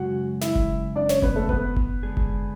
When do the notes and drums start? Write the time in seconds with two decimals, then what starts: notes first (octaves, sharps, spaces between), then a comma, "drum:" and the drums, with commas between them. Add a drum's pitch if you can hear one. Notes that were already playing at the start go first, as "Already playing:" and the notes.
Already playing: F#2 C#3 G#3 F#4 F#5
0.41 E4 E5, drum: snare
0.55 drum: kick F#1
0.96 D4 D5
1.09 C#4 C#5, drum: snare
1.22 B3 B4, drum: kick F#1
1.36 A3 A4
1.49 B3 B4, drum: kick F#1
1.76 drum: kick F#1
2.03 D3 G#3 D4 G#4
2.17 drum: kick F#1